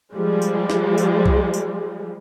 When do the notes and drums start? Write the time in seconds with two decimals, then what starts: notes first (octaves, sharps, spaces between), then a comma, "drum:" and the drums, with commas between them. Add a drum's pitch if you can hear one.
0.14 F3 G3 G#3
0.42 drum: tambourine
0.70 drum: snare
0.98 drum: tambourine
1.26 drum: kick C2
1.54 drum: tambourine